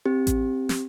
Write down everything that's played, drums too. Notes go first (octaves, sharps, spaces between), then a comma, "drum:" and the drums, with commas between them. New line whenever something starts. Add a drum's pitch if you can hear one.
C4 G4
drum: kick A1, hi-hat
drum: snare